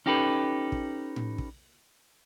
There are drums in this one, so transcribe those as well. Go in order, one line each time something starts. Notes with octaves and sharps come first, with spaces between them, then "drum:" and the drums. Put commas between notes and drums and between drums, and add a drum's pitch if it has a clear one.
C#4 D#4 G4 A4 B4
drum: kick
drum: tom A2
drum: kick